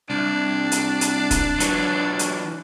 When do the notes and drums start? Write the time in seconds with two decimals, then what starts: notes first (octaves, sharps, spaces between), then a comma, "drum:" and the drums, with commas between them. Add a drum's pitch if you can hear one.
0.10 C2 D4
0.72 drum: hi-hat
1.01 drum: hi-hat
1.31 drum: kick D#1, hi-hat
1.60 E3 F#3, drum: hi-hat
2.19 drum: hi-hat